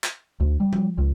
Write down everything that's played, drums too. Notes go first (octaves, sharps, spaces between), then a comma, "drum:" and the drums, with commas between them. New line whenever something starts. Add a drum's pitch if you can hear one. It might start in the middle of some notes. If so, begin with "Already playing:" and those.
drum: clap
D2
G3
drum: tom F3
C#2